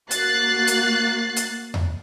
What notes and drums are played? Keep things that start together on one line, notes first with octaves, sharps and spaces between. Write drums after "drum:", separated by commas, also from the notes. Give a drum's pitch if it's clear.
A#3 F#4 F#6 A6 C7, drum: hi-hat
drum: hi-hat
drum: hi-hat
drum: tom E2